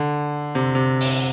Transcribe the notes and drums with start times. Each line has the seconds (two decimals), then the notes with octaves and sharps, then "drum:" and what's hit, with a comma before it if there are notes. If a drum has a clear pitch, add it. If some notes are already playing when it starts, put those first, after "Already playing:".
Already playing: D3
0.55 C3
0.75 C3
1.00 drum: open hi-hat